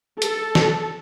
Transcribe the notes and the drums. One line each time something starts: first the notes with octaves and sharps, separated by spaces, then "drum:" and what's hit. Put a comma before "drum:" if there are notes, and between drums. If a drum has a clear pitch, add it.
A4, drum: hi-hat
drum: snare